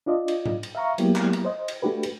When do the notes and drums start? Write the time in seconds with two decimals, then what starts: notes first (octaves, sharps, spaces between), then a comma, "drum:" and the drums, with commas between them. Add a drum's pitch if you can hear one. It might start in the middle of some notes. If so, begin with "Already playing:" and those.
0.06 D4 F4 D5 D#5
0.28 drum: cymbal
0.46 drum: tom G#2
0.63 drum: cymbal
0.75 E5 F5 A#5 C#6
0.98 F#3 G#3 A#3 B3 E4 G4, drum: cymbal
1.16 drum: clap
1.33 drum: cymbal
1.45 C5 D#5
1.68 drum: cymbal
1.82 A3 D4 F#4 G4 B4
2.03 drum: cymbal